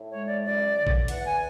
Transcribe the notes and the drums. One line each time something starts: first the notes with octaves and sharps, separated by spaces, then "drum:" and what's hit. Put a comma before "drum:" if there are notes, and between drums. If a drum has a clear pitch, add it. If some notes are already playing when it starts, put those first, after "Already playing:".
Already playing: A2
G#3 C#5
D5
F#2 D5
D3
drum: kick
E2 F#5, drum: hi-hat
G#5